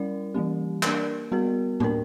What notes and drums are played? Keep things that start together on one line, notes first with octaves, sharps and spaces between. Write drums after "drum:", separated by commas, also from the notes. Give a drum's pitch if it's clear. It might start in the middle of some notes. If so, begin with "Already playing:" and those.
Already playing: G3 C#4 E4 A#4 D5
E3 G3 A#3 C#4 G4
A#3 D4 A#4 D5, drum: clap
G3 B3 F#4 A#4
A#3 D4 A#4, drum: tom A2